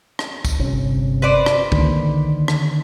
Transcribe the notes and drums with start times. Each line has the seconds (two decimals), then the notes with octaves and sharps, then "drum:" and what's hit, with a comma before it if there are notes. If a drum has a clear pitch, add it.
0.19 drum: rim click
0.45 drum: kick, tambourine
0.59 G1 C3 C#4
1.22 B4 C5 D5
1.46 drum: rim click
1.72 D3 D#3 A#3, drum: kick
2.48 drum: rim click